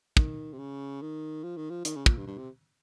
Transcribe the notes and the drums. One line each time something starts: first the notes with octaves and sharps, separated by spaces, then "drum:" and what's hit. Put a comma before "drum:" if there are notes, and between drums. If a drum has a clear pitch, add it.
D#3, drum: kick
C3
C#3
D#3
F3
D#3
F3
D#3, drum: hi-hat
C#3
A#2, drum: kick
G2
G2
C3